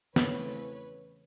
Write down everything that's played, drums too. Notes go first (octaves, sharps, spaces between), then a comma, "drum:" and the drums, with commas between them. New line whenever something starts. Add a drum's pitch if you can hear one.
E2 C#3 E3 A3 C4 B4 C#5, drum: snare